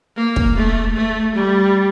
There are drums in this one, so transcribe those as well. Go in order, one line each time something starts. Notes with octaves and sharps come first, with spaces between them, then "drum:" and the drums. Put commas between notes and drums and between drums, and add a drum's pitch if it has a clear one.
A#3
drum: kick
A3
A3
G3